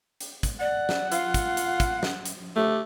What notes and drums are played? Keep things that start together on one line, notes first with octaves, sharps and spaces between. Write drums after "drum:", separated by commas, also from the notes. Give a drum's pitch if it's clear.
drum: hi-hat
drum: kick, hi-hat
D5 F#5
drum: snare
F4 F5, drum: hi-hat
drum: kick, hi-hat
drum: hi-hat
drum: kick, hi-hat
drum: snare
drum: hi-hat
A3 G4